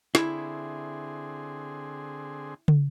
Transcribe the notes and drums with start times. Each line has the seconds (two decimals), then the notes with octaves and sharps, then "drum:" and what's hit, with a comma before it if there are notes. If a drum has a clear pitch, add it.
0.15 D3 C4 E4 G#4, drum: snare
2.68 drum: tom